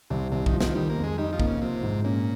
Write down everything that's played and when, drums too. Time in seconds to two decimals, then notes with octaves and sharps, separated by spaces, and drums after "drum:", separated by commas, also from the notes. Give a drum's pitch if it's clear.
0.10 C2 C3
0.32 C2 C3
0.46 D#3, drum: kick
0.53 F3
0.60 D#3, drum: snare
0.75 D#3 G3
0.90 A#3
0.97 F2
1.04 G#3
1.18 G3 D#4
1.33 F3
1.40 A#3, drum: kick
1.47 C#3
1.62 C3 F3
1.83 G#2
2.04 A#2 C#4